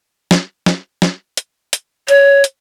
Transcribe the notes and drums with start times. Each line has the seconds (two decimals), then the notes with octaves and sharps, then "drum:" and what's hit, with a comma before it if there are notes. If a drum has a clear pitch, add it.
0.31 drum: snare
0.66 drum: snare
1.02 drum: snare
1.37 drum: hi-hat
1.73 drum: hi-hat
2.08 C#5, drum: hi-hat
2.44 drum: hi-hat